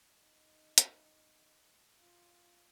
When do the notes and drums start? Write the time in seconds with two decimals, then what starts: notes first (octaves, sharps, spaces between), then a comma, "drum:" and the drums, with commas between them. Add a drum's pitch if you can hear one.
0.14 D#4
0.78 drum: hi-hat
2.00 F4